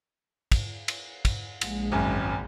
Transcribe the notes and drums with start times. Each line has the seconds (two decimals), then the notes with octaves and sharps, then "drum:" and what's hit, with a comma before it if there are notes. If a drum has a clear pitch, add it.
0.52 drum: kick, cymbal
0.88 drum: cymbal
1.25 drum: kick, cymbal
1.61 A#1 G#3, drum: cymbal
1.92 G#1 F#2